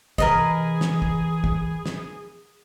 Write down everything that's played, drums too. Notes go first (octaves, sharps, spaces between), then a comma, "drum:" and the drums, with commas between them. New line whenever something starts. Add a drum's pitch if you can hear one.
C3 E3 G#4 A#4 B4 D#5, drum: kick
drum: snare
drum: kick
drum: kick
drum: snare